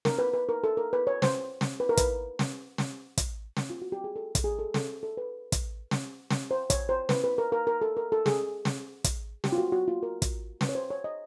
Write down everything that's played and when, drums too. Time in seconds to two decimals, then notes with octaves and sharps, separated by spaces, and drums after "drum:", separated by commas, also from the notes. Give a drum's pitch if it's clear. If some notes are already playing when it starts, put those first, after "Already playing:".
0.05 A#4, drum: snare
0.19 B4
0.34 B4
0.49 A#4
0.64 A4
0.77 A#4
0.93 B4
1.07 C#5
1.22 C5, drum: snare
1.61 drum: snare
1.80 B4
1.89 A#4
1.97 B4, drum: kick, hi-hat
2.39 drum: snare
2.78 drum: snare
3.17 drum: kick, hi-hat
3.57 drum: snare
3.70 F4
3.82 F#4
3.92 G4
4.04 G#4
4.16 A4
4.35 drum: kick, hi-hat
4.44 G#4
4.59 A4
4.74 A4, drum: snare
5.03 A4
5.17 B4
5.52 drum: kick, hi-hat
5.91 drum: snare
6.31 drum: snare
6.51 C5
6.70 C#5, drum: kick, hi-hat
6.89 C5
7.09 B4, drum: snare
7.24 B4
7.38 A#4
7.52 A#4
7.67 A#4
7.82 A4
7.97 A#4
8.12 A4
8.26 G#4, drum: snare
8.65 drum: snare
9.04 drum: kick, hi-hat
9.44 G4, drum: snare
9.52 F4
9.58 F#4
9.72 F#4
9.88 F4
10.03 A#4
10.22 drum: kick, hi-hat
10.61 B4, drum: snare
10.69 C#5
10.75 C5
10.90 C#5
11.04 D#5